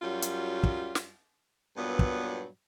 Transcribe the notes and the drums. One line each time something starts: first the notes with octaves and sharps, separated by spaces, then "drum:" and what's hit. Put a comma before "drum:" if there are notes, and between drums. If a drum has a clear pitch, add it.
F#2 F#3 G3 F4
drum: hi-hat
drum: kick
drum: snare
G2 A#2 F#3 B3
drum: kick